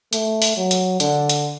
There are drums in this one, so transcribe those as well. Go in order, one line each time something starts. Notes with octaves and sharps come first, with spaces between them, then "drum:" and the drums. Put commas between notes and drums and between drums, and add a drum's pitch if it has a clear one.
A3, drum: hi-hat
drum: open hi-hat
F#3
drum: hi-hat
D3, drum: hi-hat
drum: hi-hat